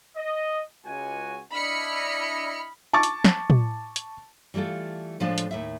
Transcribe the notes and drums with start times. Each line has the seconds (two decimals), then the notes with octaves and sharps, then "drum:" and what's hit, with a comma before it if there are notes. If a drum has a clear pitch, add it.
0.17 D#5
0.85 C#2 F#4 G#5
1.53 D4 E4 D#5 B5 F6 C#7
2.93 A5 C#6 D6 A6
3.03 drum: hi-hat
3.24 drum: snare
3.50 drum: tom
3.96 drum: hi-hat
4.54 E3 G3 A3 F4 A4
5.20 A2 F3 G#3 D4 A4 G#5
5.38 drum: hi-hat
5.51 D#2 A2 E5